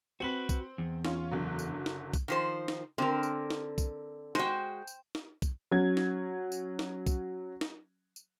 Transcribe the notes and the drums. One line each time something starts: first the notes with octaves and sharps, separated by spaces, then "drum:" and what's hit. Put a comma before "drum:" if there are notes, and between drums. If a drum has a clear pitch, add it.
C4 F#4 B4 F#7
drum: kick B1, tambourine
E2
C#4 F4, drum: snare
F#1 D3 F#3
drum: tambourine
drum: snare
drum: kick B1, tambourine
D#3 F3 C5
drum: snare
D3 C4 A#4
drum: tambourine
drum: snare
drum: kick B1, tambourine
G#3 F#4 C5 G5, drum: snare
drum: tambourine
drum: snare
drum: kick B1, tambourine
F#3 C#4 G#6
drum: snare
drum: tambourine
drum: snare
drum: kick B1, tambourine
drum: snare
drum: tambourine